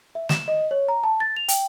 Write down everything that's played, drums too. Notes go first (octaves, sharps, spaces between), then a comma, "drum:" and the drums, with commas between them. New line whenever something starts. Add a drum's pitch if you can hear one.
E5
E7, drum: snare
D#5
C#5
A#5
A5
A6
F7
G5, drum: hi-hat